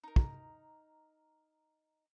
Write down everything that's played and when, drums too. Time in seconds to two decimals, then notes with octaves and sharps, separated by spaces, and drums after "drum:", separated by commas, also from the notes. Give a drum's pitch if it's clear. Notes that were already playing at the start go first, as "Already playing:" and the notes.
0.04 D#4 A#4
0.16 drum: kick